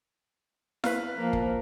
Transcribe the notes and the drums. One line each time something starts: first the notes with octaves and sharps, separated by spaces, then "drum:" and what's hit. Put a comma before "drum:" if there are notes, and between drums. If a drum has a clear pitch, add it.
B4 F5, drum: snare E4
F3 A#3
drum: kick